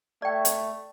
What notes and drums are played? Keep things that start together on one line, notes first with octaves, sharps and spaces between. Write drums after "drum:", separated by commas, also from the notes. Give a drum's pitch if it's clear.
A3 D5 G5
drum: hi-hat